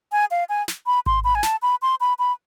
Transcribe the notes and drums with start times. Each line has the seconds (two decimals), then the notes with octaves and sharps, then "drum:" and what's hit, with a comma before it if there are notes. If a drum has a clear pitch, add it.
0.12 G#5
0.31 F5
0.49 G#5
0.68 drum: snare
0.86 B5
1.06 C6, drum: kick G#1
1.24 B5
1.35 G#5
1.43 A5, drum: snare
1.62 B5
1.82 C6
2.00 B5
2.19 B5